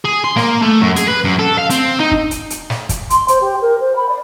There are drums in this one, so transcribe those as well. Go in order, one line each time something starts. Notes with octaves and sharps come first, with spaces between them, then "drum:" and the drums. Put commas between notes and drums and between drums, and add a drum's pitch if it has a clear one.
G#4
C6
A#3, drum: snare
A3
F#2
G#4, drum: hi-hat
B4
F#2
A4
F5
C4, drum: hi-hat
D#4
drum: kick
drum: hi-hat
drum: hi-hat
drum: snare
drum: kick, hi-hat
C6, drum: hi-hat
C5, drum: hi-hat
G4
A#4
C5
B5
D5